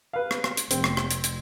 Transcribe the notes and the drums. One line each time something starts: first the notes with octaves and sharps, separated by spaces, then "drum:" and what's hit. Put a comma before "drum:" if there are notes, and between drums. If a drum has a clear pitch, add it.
B4 F5
drum: rim click
drum: rim click
drum: hi-hat
F1 C4, drum: hi-hat
drum: rim click
drum: rim click
drum: hi-hat
drum: hi-hat